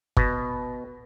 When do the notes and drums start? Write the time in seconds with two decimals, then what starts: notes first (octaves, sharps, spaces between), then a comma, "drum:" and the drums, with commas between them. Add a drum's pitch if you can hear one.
0.17 B2, drum: kick G1